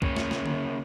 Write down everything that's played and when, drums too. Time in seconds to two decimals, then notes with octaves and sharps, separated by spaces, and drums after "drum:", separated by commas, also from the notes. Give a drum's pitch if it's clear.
0.02 C#3 A#3 C#4, drum: kick
0.16 drum: snare
0.31 drum: snare
0.46 drum: tom D3